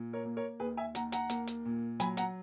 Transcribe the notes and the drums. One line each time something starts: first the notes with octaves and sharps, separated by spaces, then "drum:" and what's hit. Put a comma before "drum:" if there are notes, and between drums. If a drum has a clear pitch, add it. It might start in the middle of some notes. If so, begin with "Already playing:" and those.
Already playing: A#2
A#4 C#5
A#3
A#4 C#5
D#2 G#4 B4
E5 G#5
D#2 F#5 A#5, drum: hi-hat
F#5 A#5, drum: hi-hat
A#3, drum: hi-hat
drum: hi-hat
A#2
F#3 G#5 B5, drum: hi-hat
F#5 A#5, drum: hi-hat